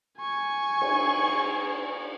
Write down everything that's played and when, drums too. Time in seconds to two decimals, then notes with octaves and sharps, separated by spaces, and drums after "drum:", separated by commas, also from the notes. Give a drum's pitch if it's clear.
0.19 G#5 C#6
0.81 drum: cymbal